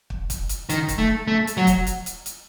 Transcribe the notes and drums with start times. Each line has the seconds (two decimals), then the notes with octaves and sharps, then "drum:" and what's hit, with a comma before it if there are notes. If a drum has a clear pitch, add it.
0.10 drum: kick
0.30 drum: kick, hi-hat
0.49 drum: hi-hat
0.69 D#3, drum: hi-hat
0.89 drum: kick, hi-hat
0.98 A3
1.28 A3
1.47 drum: hi-hat
1.57 F#3
1.67 drum: kick, hi-hat
1.87 drum: hi-hat
2.06 drum: hi-hat
2.26 drum: hi-hat